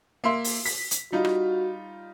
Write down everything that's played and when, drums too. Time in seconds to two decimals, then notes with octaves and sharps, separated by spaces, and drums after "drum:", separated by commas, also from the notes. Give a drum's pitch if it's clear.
0.24 A#3 E5 C6
0.44 drum: open hi-hat
0.65 B6, drum: open hi-hat
0.91 drum: hi-hat
1.12 G3 D#4 F4 F#4
1.25 drum: rim click